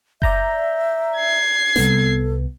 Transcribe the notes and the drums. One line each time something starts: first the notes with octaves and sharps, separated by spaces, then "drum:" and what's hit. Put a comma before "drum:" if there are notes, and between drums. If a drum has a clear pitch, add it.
D5 E5 A#5 G6, drum: kick F#1
G#6 C7
C2 B3 A4, drum: snare